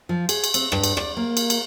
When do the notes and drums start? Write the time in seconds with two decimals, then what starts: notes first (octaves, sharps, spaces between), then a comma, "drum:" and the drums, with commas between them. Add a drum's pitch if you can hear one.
0.09 F3
0.29 G#4, drum: cymbal
0.44 drum: cymbal
0.54 C4, drum: cymbal
0.72 G2, drum: rim click
0.84 drum: cymbal
0.97 D5, drum: rim click
1.17 A#3
1.37 drum: cymbal
1.50 drum: cymbal